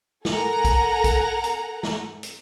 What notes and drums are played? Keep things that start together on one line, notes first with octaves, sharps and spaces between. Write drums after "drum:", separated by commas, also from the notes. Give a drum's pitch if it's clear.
A4 A#4 F#5 G#5 A#5, drum: snare
drum: kick B1, hi-hat
drum: kick B1, hi-hat
drum: hi-hat
drum: snare
drum: hi-hat